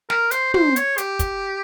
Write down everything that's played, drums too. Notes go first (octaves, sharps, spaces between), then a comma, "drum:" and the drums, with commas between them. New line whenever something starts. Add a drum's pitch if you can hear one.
A#4, drum: snare
C5, drum: hi-hat
C5, drum: tom
C#5, drum: hi-hat
G4, drum: hi-hat
drum: kick, hi-hat